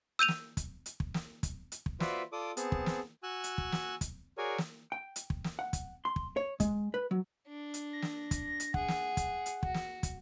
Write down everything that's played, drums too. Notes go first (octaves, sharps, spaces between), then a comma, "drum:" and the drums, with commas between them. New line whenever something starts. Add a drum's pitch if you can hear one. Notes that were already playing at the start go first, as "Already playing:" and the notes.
E6 G6 D#7 F7
drum: snare
drum: kick, hi-hat
drum: hi-hat
drum: kick
drum: snare
drum: kick, hi-hat
drum: hi-hat
drum: kick
F4 F#4 B4 C5 D5 E5, drum: snare
F4 A4 D5 D6 D#6
B3 C4 G#4 A5, drum: hi-hat
drum: kick
drum: snare
F#4 G#5 E6 F#6
drum: hi-hat
drum: kick
drum: snare
drum: kick, hi-hat
F#4 G#4 A#4 C#5 D5 G#5
drum: snare
G5
drum: hi-hat
drum: kick
drum: snare
F#5
drum: kick, hi-hat
C6
drum: kick
C#5
G#3, drum: kick, hi-hat
B4
F#3
D4
drum: hi-hat
A#6
drum: snare
drum: kick, hi-hat
drum: hi-hat
G#4 F#5, drum: kick
drum: snare
drum: kick, hi-hat
drum: hi-hat
F#4, drum: kick
drum: snare
drum: kick, hi-hat